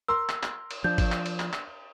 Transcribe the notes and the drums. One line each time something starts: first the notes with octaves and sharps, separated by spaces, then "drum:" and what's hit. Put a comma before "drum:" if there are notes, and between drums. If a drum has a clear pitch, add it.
A#4 C6 E6
drum: clap
drum: clap
drum: cymbal
F3 D4 G6
drum: kick G#1, cymbal
drum: clap
drum: cymbal
drum: clap
drum: clap